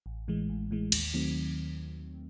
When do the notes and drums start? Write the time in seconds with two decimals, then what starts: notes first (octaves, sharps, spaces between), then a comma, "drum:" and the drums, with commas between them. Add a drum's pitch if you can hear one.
0.06 A1
0.28 A2 E3 G#3
0.49 A1
0.71 A2 E3 G#3
0.92 D#2, drum: cymbal
1.14 D#3 F#3 A3 C4